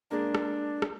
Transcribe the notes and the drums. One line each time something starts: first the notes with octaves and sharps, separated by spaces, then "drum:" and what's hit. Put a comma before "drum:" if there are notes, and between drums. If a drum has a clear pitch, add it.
G#3 A#3 D4 A#4
drum: rim click
drum: rim click